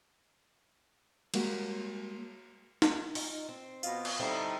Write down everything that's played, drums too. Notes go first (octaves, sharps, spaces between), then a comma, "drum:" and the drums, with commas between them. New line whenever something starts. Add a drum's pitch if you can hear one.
G3 G#3 A#3 F#4, drum: cymbal
drum: snare
D#4 F4, drum: open hi-hat
C4
B2 F4 D#5, drum: tambourine
drum: cymbal
D3 G3 C4 D#4 E4 A4